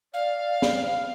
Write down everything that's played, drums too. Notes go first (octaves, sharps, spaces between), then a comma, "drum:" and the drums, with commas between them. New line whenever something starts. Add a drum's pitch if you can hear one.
D5 F5
drum: snare